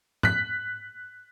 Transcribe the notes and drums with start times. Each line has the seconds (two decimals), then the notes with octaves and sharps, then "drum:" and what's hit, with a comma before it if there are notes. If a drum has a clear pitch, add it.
0.23 F#6 B6, drum: tom G#2